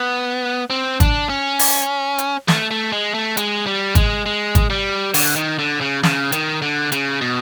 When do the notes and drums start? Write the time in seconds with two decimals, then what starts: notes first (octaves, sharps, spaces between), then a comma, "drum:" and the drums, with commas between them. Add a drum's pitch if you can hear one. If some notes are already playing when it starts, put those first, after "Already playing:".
Already playing: B3
0.70 C4
1.00 D4, drum: kick G#1, hi-hat
1.29 C#4
1.59 drum: open hi-hat
2.18 drum: hi-hat
2.48 A3, drum: snare
2.71 A3
2.92 G#3
3.14 A3
3.37 G#3, drum: hi-hat
3.67 G3
3.95 G#3, drum: kick G#1, hi-hat
4.26 G#3
4.55 drum: kick G#1, hi-hat
4.70 G3
5.14 D3, drum: open hi-hat
5.36 D#3
5.59 D3
5.81 C#3
6.03 C#3, drum: snare
6.32 D#3, drum: hi-hat
6.62 D3
6.92 C#3, drum: hi-hat
7.21 B2